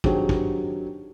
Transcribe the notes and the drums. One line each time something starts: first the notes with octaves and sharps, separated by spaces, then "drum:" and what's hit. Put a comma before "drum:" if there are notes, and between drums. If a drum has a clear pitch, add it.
D#3 F#3 C4 D4 G4 G#4, drum: kick
drum: kick